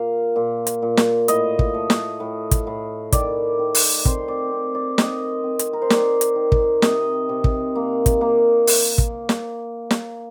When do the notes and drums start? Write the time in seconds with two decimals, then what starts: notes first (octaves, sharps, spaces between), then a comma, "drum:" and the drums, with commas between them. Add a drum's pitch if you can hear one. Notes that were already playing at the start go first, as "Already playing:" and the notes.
Already playing: A#2 A#3 F5
0.36 A#2
0.67 drum: hi-hat
0.82 A#2
0.97 drum: snare
1.28 A2 D#5, drum: hi-hat
1.59 drum: kick
1.74 A3
1.90 drum: snare
2.20 A2
2.51 drum: kick, hi-hat
2.67 A2
3.12 D#3 D5, drum: kick, hi-hat
3.59 D#3
3.75 drum: open hi-hat
4.05 C4 C5, drum: kick
4.28 D5
4.51 C4
4.75 D5
4.98 D#3 D#5, drum: snare
5.44 C4
5.59 drum: hi-hat
5.73 A#4
5.82 C5
5.90 D#3 D5, drum: snare
6.21 drum: hi-hat
6.36 D#3
6.52 drum: kick
6.82 C3 D#5, drum: snare
7.29 C3
7.44 drum: kick
7.76 A#3
8.06 drum: kick, hi-hat
8.21 A#3
8.67 drum: open hi-hat
8.98 drum: kick
9.29 drum: snare
9.91 drum: snare